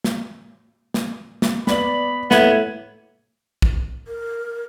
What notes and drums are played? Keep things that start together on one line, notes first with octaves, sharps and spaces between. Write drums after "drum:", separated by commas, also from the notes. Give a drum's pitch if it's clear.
drum: snare
drum: snare
drum: snare
B3 D5 B5 F#7, drum: snare
A2 B3 E5 G#6 D#7, drum: snare
drum: kick
A#4